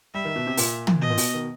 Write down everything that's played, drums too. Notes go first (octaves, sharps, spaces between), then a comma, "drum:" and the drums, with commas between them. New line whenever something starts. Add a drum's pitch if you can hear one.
G3 E5
D#3
B2
C3
A#2, drum: open hi-hat
drum: tom
B2 D#5
A#2
B2, drum: open hi-hat
D#3